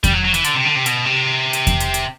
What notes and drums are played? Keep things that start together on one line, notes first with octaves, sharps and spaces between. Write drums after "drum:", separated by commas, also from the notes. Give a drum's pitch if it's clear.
G3, drum: kick E2, hi-hat
F#3
F#3
E3, drum: hi-hat
D3, drum: hi-hat
C3
D3
C3
B2, drum: hi-hat
C3
drum: hi-hat
drum: kick E2, hi-hat
drum: hi-hat
drum: hi-hat